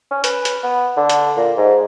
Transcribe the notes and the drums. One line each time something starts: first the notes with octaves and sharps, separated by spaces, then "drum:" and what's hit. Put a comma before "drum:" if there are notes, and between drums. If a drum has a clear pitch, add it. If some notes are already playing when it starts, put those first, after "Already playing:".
C#4
B4, drum: hi-hat
drum: hi-hat
B3
D3
drum: hi-hat
A#2
G#2